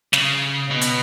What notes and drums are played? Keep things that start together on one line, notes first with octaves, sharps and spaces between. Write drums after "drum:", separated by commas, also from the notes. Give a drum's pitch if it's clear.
C#3, drum: snare
B2
drum: hi-hat